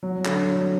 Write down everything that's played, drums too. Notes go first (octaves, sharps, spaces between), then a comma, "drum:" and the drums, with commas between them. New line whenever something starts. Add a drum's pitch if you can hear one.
F#3
D3, drum: clap
F#3